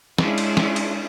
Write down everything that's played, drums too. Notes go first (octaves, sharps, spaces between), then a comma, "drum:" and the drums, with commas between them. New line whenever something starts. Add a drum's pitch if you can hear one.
G#3 C#4 D4 E4 F4 G#4, drum: snare
drum: cymbal
drum: snare
drum: cymbal